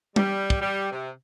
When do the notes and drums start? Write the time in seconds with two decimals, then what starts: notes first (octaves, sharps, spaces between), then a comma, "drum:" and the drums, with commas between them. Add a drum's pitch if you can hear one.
0.16 G3, drum: tom G3
0.50 drum: kick
0.61 G3
0.92 C3